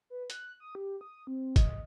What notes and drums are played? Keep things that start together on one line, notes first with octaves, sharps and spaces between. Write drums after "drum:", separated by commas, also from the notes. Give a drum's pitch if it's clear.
B4
F#6, drum: hi-hat
D#6
G4
D#6
C4
D#5, drum: kick, hi-hat